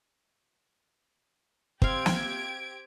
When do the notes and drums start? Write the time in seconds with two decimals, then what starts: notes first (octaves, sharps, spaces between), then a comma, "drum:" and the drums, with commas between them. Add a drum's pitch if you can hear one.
1.82 C4 G4 F5 G#6 D7, drum: kick
2.06 drum: snare